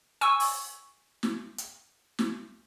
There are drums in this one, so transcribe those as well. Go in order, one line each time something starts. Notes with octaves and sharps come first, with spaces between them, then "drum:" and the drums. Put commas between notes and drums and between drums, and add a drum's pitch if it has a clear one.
G#5 C#6 E6
drum: open hi-hat
drum: snare
drum: hi-hat
drum: snare